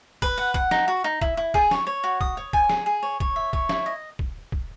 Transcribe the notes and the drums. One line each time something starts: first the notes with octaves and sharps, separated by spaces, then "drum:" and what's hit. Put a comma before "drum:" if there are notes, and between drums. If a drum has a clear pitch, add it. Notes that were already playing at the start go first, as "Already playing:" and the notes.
B4, drum: kick
F#5
F#5, drum: kick
D#4, drum: snare
F#4
D#4
E4, drum: kick
E4
G#4, drum: kick
C#5, drum: snare
C#5
F#4
D#6, drum: kick
C#5
G#5, drum: kick
G#4, drum: snare
G#4
C#5
C#5, drum: kick
E5
C#5, drum: kick
E4, drum: snare
D#5
drum: kick
drum: kick